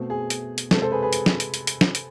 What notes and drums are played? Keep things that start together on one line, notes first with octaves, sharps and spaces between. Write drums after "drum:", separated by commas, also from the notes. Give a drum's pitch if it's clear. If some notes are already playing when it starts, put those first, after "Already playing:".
Already playing: B2 A3 C4
G#4
drum: hi-hat
drum: hi-hat
C3 G#3 C4 A4, drum: snare
A4 C5
G#4 B4
G#4 B4
drum: hi-hat
drum: snare
drum: hi-hat
drum: hi-hat
drum: hi-hat
drum: snare
drum: hi-hat